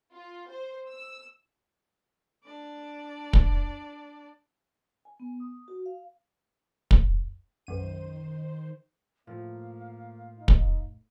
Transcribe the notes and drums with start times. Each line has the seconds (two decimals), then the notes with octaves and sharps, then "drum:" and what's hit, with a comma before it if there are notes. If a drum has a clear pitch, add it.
0.14 F4
0.50 C5
0.89 E6
2.44 D4 D5
3.33 drum: kick
5.05 G#5
5.20 B3
5.40 D#6
5.68 F#4
5.86 F5
6.91 drum: kick
7.67 B1 F#2 D#3 C5 D#7
9.27 A2 F3 A#3 F5
10.38 D#4
10.48 drum: kick